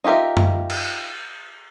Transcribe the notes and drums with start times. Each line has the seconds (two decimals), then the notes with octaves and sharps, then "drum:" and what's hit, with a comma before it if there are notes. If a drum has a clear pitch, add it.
0.04 D#4 F4 G4 A#4 E5
0.37 drum: tom F#2
0.70 drum: cymbal